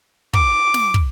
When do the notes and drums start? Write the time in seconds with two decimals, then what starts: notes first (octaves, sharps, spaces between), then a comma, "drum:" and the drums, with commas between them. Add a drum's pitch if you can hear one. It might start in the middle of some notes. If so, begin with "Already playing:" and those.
0.34 D6, drum: kick
0.74 drum: snare
0.94 drum: kick